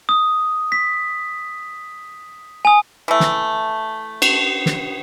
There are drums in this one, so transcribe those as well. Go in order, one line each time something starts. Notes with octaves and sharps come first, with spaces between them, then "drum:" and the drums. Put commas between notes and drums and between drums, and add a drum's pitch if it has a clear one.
D#6
B6
G#5 D#6
E3 A3
drum: snare
drum: cymbal
drum: snare